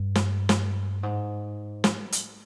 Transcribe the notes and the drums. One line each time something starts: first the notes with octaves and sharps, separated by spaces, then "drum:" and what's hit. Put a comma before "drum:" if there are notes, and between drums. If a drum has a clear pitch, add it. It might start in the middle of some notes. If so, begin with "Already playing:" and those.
Already playing: G2
drum: snare
drum: snare
G#2
drum: snare
drum: hi-hat